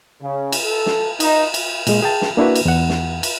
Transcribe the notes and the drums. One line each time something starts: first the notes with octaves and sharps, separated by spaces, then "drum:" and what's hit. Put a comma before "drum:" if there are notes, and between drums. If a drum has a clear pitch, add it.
C#3
drum: cymbal
A4
drum: snare
D#4, drum: cymbal
drum: cymbal
A#2 G#3, drum: cymbal
G#4 G5 A5
drum: snare
A#3 D4 E4 F#4 B4
drum: cymbal
E2 F#5
drum: snare
drum: cymbal